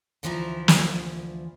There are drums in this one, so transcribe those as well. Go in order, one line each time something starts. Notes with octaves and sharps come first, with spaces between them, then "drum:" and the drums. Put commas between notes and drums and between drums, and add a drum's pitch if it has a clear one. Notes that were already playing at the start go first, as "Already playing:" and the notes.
D2 E3 F3 E4 A4 A#5
drum: snare